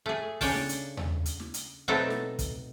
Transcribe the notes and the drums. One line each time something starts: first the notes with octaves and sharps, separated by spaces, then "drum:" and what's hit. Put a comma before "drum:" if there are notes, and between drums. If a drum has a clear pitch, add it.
A3 G#4
C#3 D4 C#5 G5 A5, drum: kick, open hi-hat
drum: snare
drum: hi-hat
drum: tom D#2
drum: hi-hat
drum: snare
drum: hi-hat
B2 F#3 A3 C4 D#4 A4
drum: snare
drum: kick, hi-hat